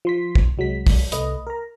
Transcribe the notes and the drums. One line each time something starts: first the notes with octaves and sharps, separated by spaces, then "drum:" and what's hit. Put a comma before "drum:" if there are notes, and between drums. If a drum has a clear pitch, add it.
F3 C6 B6
drum: kick
C2 F#3 G#3 B6
drum: kick, open hi-hat
C2 A3 B4 D#5, drum: hi-hat
A#4 A#5